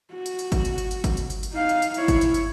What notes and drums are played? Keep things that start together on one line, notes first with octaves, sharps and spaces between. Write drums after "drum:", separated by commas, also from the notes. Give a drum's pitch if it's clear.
F#4
drum: hi-hat
drum: hi-hat
drum: kick G1, hi-hat
drum: hi-hat
drum: hi-hat
drum: hi-hat
drum: kick G1, hi-hat
drum: hi-hat
drum: hi-hat
drum: hi-hat
D#4 F5
drum: hi-hat
drum: hi-hat
E4 C#5, drum: hi-hat
drum: kick G1, hi-hat
drum: hi-hat
drum: hi-hat